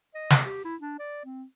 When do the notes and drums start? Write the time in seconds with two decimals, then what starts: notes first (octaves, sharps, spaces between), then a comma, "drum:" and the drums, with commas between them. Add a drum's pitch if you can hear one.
0.14 D#5
0.30 drum: snare
0.45 G4
0.64 E4
0.80 D4
0.99 D5
1.25 C4